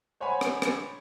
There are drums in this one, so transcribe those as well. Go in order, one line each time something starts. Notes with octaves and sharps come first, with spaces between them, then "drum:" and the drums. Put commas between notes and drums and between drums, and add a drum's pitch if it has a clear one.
C5 C#5 F#5 G#5 B5 C#6
drum: rim click
drum: rim click